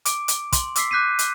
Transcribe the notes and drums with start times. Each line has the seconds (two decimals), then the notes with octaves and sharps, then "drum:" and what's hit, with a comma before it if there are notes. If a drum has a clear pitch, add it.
0.05 D6 D7, drum: hi-hat
0.28 drum: hi-hat
0.52 C6, drum: kick, hi-hat
0.76 D6 E6 B6 C7, drum: hi-hat
0.91 D6 F#6 G6 B6 C7 D#7
1.19 drum: hi-hat